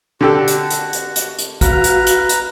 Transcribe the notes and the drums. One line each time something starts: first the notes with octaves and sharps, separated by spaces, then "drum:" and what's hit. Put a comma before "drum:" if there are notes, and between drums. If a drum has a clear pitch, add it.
D3 F#4 G4 A4
drum: hi-hat
drum: hi-hat
drum: hi-hat
drum: hi-hat
drum: hi-hat
F#4 B4 F5 A#5, drum: kick, hi-hat
drum: hi-hat
drum: hi-hat
drum: hi-hat